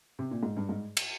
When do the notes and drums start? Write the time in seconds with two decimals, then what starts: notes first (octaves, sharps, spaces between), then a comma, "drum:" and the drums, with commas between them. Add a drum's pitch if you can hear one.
0.19 C3
0.31 A#2
0.43 G#2
0.57 G2
0.69 G#2
0.97 drum: cymbal